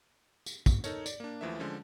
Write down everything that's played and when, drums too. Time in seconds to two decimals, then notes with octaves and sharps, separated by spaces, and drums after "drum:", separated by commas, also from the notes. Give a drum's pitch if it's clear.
0.46 drum: tambourine
0.66 drum: kick, tambourine
0.84 D#4 A4 A#4 C#5, drum: tambourine
1.06 D5, drum: tambourine
1.20 A#3 D4
1.41 D#2 E3 F3 A3 E5
1.59 D3 F3 G#3 C#4